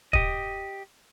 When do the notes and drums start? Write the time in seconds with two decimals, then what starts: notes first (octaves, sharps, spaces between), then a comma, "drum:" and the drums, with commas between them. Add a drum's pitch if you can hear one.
0.13 G4 D#5, drum: kick